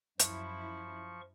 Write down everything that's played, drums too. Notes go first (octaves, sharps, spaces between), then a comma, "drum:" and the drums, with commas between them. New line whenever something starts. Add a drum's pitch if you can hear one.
F#2 F3 E4 C#6, drum: hi-hat